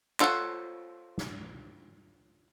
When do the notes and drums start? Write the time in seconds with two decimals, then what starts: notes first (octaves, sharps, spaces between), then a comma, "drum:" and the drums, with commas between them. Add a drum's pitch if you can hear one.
0.20 F4 A4 C5 C#5 F#5, drum: clap
1.18 drum: snare